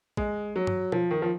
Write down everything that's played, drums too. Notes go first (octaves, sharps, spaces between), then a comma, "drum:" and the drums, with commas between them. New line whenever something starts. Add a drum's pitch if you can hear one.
G#3, drum: kick
F#3
drum: tom G2
F3, drum: tom B2
D#3
F3